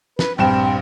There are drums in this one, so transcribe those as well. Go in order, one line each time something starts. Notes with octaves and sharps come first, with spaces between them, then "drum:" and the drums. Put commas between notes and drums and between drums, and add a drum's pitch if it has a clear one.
B4, drum: snare
A#1 G2 C4 G5 E7